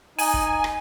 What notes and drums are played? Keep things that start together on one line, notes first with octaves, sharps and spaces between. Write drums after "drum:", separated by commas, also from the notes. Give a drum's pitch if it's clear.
D#4 G#5, drum: open hi-hat
drum: kick
drum: rim click